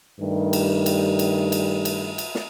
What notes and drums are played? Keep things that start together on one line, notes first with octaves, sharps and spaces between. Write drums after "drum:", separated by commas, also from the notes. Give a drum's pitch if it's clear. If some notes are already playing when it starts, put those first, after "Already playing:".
G2 D#3 G3 A3
drum: cymbal
drum: cymbal
drum: cymbal
drum: cymbal
drum: cymbal
drum: cymbal
drum: snare